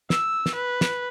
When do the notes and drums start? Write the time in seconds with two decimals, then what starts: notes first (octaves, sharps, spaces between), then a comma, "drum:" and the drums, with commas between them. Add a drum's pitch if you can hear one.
0.10 E6, drum: snare
0.46 drum: snare
0.55 B4
0.81 drum: snare